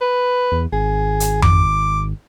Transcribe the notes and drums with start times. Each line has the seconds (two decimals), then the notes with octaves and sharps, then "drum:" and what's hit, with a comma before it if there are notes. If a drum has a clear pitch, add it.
0.01 B4
0.52 E2
0.73 G#1 G#4
1.20 drum: hi-hat
1.42 D6, drum: tom F2